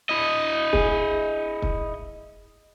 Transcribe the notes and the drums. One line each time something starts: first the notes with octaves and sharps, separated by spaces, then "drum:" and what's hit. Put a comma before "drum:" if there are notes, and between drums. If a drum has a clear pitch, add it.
E4 D#5
G#4, drum: kick
drum: kick